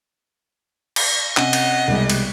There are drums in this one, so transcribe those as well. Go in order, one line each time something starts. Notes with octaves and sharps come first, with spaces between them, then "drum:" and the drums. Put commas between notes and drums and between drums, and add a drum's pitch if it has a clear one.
drum: cymbal
C3 C#4 D#5 F#5, drum: clap
drum: cymbal
C2 B2 G3 G#3
drum: cymbal